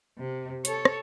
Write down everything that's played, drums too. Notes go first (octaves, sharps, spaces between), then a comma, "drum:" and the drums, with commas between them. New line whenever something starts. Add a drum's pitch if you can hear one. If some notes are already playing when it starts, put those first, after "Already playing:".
C3
A4 C#5, drum: hi-hat
drum: rim click